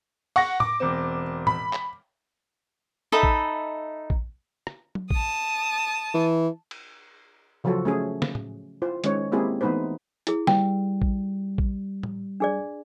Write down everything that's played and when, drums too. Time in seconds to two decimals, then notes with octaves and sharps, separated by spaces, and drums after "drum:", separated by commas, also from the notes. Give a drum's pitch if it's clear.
0.36 F#5 C#6 A#6, drum: open hi-hat
0.60 D6, drum: tom A2
0.80 E1 C4
1.47 B5, drum: tom A2
1.73 drum: clap
3.12 D#4 A4 E5 B5
3.23 drum: kick A#1
4.10 drum: kick A#1
4.67 drum: rim click
4.95 drum: tom F#3
5.10 A5 D#6, drum: kick A#1
6.14 E3
6.71 drum: cymbal
7.64 C#3 F3 F#3 F4 F#4 A4
7.85 A3 C#4 G#4
8.22 drum: snare
8.35 drum: tom A2
8.82 E4 F4 C5
9.04 D#3 G#3 C#4 C5 C#5, drum: hi-hat
9.32 G#3 A#3 C4 E4 G4 G#4
9.61 E3 A3 B3 D#4 B4 C5
10.27 E4 G#4, drum: hi-hat
10.47 G3 G5, drum: snare
11.02 drum: kick A#1
11.58 drum: kick A#1
12.03 drum: tom A2
12.40 D4 G#4 D5